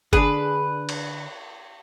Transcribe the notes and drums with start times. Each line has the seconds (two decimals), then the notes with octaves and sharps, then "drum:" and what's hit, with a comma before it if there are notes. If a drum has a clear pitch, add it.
0.13 D3 D4 G#4 B4, drum: kick G1
0.89 drum: cymbal